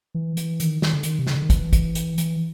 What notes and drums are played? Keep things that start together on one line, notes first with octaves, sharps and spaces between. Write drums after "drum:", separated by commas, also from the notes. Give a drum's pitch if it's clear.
E3
E3, drum: hi-hat
D#3, drum: hi-hat
D#3, drum: snare
D3
D#3, drum: hi-hat
C3
C#3, drum: snare
D3
D#3
E3, drum: kick, hi-hat
drum: kick, hi-hat
drum: hi-hat
E3, drum: hi-hat